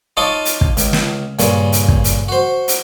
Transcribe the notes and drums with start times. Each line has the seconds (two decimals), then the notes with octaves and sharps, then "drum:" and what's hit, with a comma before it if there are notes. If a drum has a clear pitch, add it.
0.17 D#4 F4 C#5 D#5 A5 D6
0.45 drum: hi-hat
0.61 drum: kick
0.77 C#2, drum: hi-hat
0.93 drum: snare
1.39 G2 A#2 C#3, drum: hi-hat
1.72 drum: hi-hat
1.88 drum: kick
2.04 drum: hi-hat
2.28 F#4 C5
2.68 drum: hi-hat